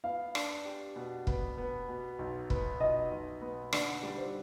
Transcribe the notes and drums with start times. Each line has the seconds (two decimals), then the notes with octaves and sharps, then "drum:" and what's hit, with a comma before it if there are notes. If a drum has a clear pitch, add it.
0.04 B3 F5
0.35 D4, drum: rim click
0.65 G4
0.96 B2
1.27 B3, drum: kick
1.58 B3
1.88 B2
2.19 B1
2.50 B3, drum: kick
2.80 B1 D#5
3.11 B1
3.42 B3
3.73 D3 D5, drum: rim click
4.03 G3
4.18 C5